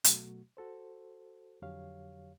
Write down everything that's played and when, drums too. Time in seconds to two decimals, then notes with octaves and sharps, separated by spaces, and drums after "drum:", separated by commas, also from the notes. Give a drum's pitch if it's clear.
0.04 B2 F#3 A3 F#4, drum: hi-hat
0.57 F#4 A4 C5
1.62 F2 D3 F#3 G4 C#5 F5